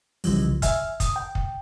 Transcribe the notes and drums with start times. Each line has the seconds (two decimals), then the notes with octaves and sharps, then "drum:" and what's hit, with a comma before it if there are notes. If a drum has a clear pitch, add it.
0.24 C2 C#3 E3 F3 G3, drum: open hi-hat
0.62 E5 G#5 E6 F6, drum: kick, hi-hat
1.00 D#6, drum: kick, hi-hat
1.16 G5
1.35 drum: kick